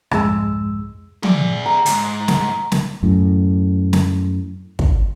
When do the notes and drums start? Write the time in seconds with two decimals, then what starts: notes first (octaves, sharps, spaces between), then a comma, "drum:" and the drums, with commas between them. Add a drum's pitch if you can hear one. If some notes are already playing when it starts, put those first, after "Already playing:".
0.11 C2 F2 G#2 G#3 E6, drum: rim click
1.23 G#4 D5, drum: tom
1.66 A#5
1.86 D2 G#2, drum: hi-hat
2.28 drum: snare
2.72 drum: snare
3.03 F#2 A2
3.93 drum: snare
4.79 drum: kick